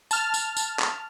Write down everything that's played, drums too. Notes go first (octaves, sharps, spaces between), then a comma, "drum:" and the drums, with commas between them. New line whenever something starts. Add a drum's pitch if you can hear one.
A5 F6, drum: tambourine
drum: tambourine
drum: tambourine
drum: clap